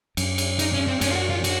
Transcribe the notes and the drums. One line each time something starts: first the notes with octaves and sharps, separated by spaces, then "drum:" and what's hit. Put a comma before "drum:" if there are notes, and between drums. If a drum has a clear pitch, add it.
F#2, drum: cymbal
drum: cymbal
D#4, drum: cymbal
C#4
C4
F#2 C#4, drum: cymbal
F4
F#4
F4
F#4, drum: cymbal